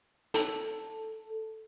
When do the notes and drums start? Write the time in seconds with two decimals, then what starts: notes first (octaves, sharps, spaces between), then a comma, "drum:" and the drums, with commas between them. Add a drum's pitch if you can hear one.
0.34 A4, drum: hi-hat